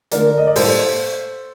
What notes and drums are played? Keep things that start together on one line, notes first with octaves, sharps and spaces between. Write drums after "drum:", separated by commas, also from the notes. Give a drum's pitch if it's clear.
D3 A3 A#4 D5, drum: hi-hat
D#5
D5
A2 G3 A#3 A4 C5, drum: open hi-hat